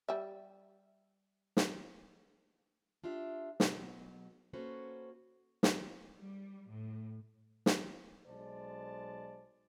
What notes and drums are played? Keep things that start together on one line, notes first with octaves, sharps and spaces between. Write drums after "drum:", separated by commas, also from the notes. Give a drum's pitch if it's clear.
G3 E5
drum: snare
D4 F4 G4 E5
B2 F#3, drum: snare
A#3 C#4 F#4 A4 B4 C5
drum: snare
G3
A2
drum: snare
B1 G#3 C5 D5 A5